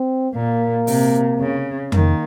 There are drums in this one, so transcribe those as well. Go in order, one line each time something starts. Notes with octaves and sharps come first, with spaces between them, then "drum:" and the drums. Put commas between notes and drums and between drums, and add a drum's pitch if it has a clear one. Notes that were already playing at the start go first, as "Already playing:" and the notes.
Already playing: C4
A#2 A#3
C3, drum: open hi-hat
C#3
D#3 A#3, drum: tom F2